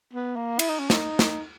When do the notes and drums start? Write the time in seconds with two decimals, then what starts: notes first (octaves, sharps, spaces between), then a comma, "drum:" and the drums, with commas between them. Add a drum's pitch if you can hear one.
0.13 B3
0.36 A#3
0.59 E4, drum: cymbal
0.69 D#4
0.80 C#4
0.90 D#4, drum: snare
1.19 drum: snare